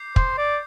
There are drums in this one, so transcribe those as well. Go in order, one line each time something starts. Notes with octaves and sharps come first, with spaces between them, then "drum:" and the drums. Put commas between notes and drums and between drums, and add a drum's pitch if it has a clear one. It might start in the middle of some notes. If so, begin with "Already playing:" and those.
Already playing: D6 G6 C7
C5, drum: kick
D5